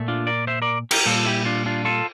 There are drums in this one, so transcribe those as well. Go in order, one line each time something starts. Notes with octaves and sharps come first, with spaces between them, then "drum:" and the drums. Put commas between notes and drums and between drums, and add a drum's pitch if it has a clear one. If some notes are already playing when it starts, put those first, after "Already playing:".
Already playing: A#2 A3
D4 F4
A#4 D5
C5 E5
A#4 D5
G4 A#4, drum: cymbal
A#2 G3 F4 A4
E4 G4
D4 F4
D4 F4
F4 A4